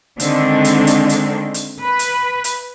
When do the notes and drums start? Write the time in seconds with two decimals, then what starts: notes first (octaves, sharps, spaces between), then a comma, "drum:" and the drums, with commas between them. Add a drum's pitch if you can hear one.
0.20 D3 D#3 G#3 C4 D4, drum: hi-hat
0.64 drum: hi-hat
0.87 drum: hi-hat
1.09 drum: hi-hat
1.54 drum: hi-hat
1.80 B4
1.99 drum: hi-hat
2.44 drum: hi-hat